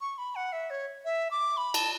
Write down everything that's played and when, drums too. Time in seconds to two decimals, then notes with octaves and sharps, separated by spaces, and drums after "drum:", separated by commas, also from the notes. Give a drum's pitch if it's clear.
0.01 C#6
0.18 B5
0.36 F#5
0.53 E5
0.70 C#5
1.05 E5
1.31 D6
1.57 B5
1.74 A5, drum: cymbal